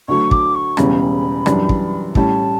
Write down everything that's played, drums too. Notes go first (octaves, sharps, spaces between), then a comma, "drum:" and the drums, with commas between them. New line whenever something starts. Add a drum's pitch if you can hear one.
D2 D3 F#3 A3 C#6
D6, drum: kick
C#6
E1 E2 C#3 G3 C#4 B5, drum: rim click
F#2 E3 G3 D4, drum: rim click
drum: kick
A2 G3 C#4 A5, drum: kick